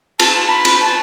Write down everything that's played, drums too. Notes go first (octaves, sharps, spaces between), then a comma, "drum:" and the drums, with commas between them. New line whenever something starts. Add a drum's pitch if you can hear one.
A5, drum: cymbal
B5
drum: cymbal
A5